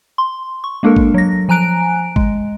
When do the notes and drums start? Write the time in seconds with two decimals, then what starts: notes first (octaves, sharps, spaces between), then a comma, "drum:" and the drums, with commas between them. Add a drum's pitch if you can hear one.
0.18 C6
0.64 C#6
0.83 G#3 A#3 D4 A4 A#4
0.96 drum: kick
1.14 F#3 A#6
1.49 F3 G#5 A#5 F#6 D7
2.16 G#3, drum: kick